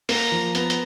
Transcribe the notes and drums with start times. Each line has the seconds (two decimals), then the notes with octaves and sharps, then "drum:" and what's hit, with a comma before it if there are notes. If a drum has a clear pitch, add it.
0.09 A#3 A#5, drum: open hi-hat
0.32 F3
0.55 B3 A#5, drum: hi-hat
0.70 drum: hi-hat